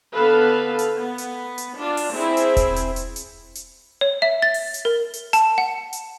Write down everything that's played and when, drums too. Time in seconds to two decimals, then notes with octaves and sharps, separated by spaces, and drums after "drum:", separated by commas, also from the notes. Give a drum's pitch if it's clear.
0.14 D3 B3 A4 B4 F5
0.79 drum: hi-hat
0.99 B3
1.18 drum: hi-hat
1.58 drum: hi-hat
1.77 D4 F4
1.97 drum: open hi-hat
2.13 C4 E4 G#4
2.37 drum: hi-hat
2.57 drum: kick E1, hi-hat
2.76 drum: hi-hat
2.96 drum: hi-hat
3.16 drum: hi-hat
3.55 drum: hi-hat
4.01 C#5
4.22 E5
4.42 A6
4.54 drum: open hi-hat
4.74 drum: hi-hat
4.85 A#4
5.14 drum: hi-hat
5.33 A5, drum: hi-hat
5.58 F#5
5.93 drum: hi-hat